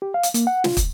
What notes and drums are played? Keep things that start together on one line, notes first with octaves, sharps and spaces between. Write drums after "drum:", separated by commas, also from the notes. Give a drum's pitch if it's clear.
G4
F5
drum: hi-hat
A#3, drum: hi-hat
F#5
F4, drum: snare
D2, drum: kick, hi-hat